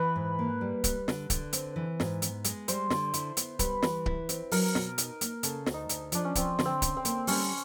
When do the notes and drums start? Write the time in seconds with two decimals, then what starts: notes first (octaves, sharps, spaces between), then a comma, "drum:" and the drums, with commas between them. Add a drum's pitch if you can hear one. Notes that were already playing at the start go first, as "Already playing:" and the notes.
Already playing: E3 B4
0.16 G#2
0.39 A#3
0.61 G3
0.84 G3, drum: kick C#1, hi-hat
1.08 D3, drum: snare
1.30 D3, drum: kick C#1, hi-hat
1.53 C4, drum: hi-hat
1.76 E3
2.00 G#2, drum: snare
2.22 B3, drum: hi-hat
2.44 G#3, drum: hi-hat
2.68 G3 C5, drum: hi-hat
2.90 D3, drum: snare
3.14 E4, drum: hi-hat
3.37 B3, drum: hi-hat
3.59 G3 B4, drum: kick C#1, hi-hat
3.83 E3, drum: snare
4.06 E4, drum: kick C#1
4.29 C4, drum: hi-hat
4.51 F#3 A#4, drum: open hi-hat
4.75 B2, drum: snare
4.98 D#4, drum: hi-hat
5.21 A#3, drum: hi-hat
5.43 C#3 A4, drum: hi-hat
5.66 D2, drum: snare
5.74 D#4
5.89 D2, drum: hi-hat
6.12 F3 D4, drum: hi-hat
6.25 C#4
6.35 F3 C4, drum: kick C#1, hi-hat
6.59 D3, drum: snare
6.65 C4
6.82 C#4, drum: kick C#1, hi-hat
6.97 C4
7.05 A#3, drum: hi-hat
7.27 G3 C#4, drum: open hi-hat